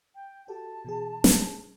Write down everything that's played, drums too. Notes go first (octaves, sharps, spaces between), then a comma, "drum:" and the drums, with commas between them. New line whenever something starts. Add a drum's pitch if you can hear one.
G5
F#4 G4 A4 A5
B2 E3 G#4
drum: snare